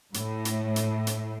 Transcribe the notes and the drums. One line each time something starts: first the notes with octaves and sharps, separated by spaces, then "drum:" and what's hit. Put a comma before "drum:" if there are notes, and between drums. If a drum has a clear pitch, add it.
A2, drum: hi-hat
drum: hi-hat
drum: hi-hat
drum: hi-hat